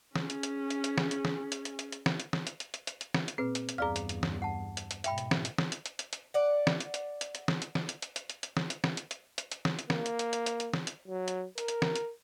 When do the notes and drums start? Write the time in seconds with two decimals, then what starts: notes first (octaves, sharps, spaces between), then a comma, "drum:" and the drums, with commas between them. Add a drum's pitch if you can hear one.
0.16 C#4 G#4, drum: snare
0.30 drum: hi-hat
0.43 drum: hi-hat
0.70 drum: hi-hat
0.84 drum: hi-hat
0.98 drum: snare
1.11 drum: hi-hat
1.25 drum: snare
1.52 drum: hi-hat
1.65 drum: hi-hat
1.79 drum: hi-hat
1.92 drum: hi-hat
2.06 drum: snare
2.20 drum: hi-hat
2.33 drum: snare
2.47 drum: hi-hat
2.60 drum: hi-hat
2.74 drum: hi-hat
2.87 drum: hi-hat
3.01 drum: hi-hat
3.14 drum: snare
3.28 drum: hi-hat
3.38 A#2 C4 G#4 B4
3.55 drum: hi-hat
3.69 drum: hi-hat
3.78 E2 G2 G#4 D5 F5 A#5 F6
3.96 drum: hi-hat
4.09 drum: hi-hat
4.23 drum: snare
4.42 F#5 A5
4.77 drum: hi-hat
4.91 drum: hi-hat
5.04 G#2 B2 E5 G5 B5, drum: hi-hat
5.18 drum: hi-hat
5.31 drum: snare
5.45 drum: hi-hat
5.58 drum: snare
5.72 drum: hi-hat
5.86 drum: hi-hat
5.99 drum: hi-hat
6.13 drum: hi-hat
6.34 D5 F#5
6.67 drum: snare
6.80 drum: hi-hat
6.94 drum: hi-hat
7.21 drum: hi-hat
7.35 drum: hi-hat
7.48 drum: snare
7.62 drum: hi-hat
7.75 drum: snare
7.89 drum: hi-hat
8.02 drum: hi-hat
8.16 drum: hi-hat
8.30 drum: hi-hat
8.43 drum: hi-hat
8.57 drum: snare
8.70 drum: hi-hat
8.84 drum: snare
8.97 drum: hi-hat
9.11 drum: hi-hat
9.38 drum: hi-hat
9.52 drum: hi-hat
9.65 drum: snare
9.79 drum: hi-hat
9.90 A#3, drum: snare
10.06 drum: hi-hat
10.19 drum: hi-hat
10.33 drum: hi-hat
10.46 drum: hi-hat
10.60 drum: hi-hat
10.74 drum: snare
10.87 drum: hi-hat
11.08 F#3
11.28 drum: hi-hat
11.58 A#4, drum: hi-hat
11.68 drum: hi-hat
11.82 drum: snare
11.96 drum: hi-hat